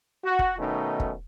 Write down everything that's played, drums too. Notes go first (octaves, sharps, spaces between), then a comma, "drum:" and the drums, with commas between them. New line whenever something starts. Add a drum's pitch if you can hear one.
F#4
drum: kick
B2 D#3 A3 C#4 D#4
drum: kick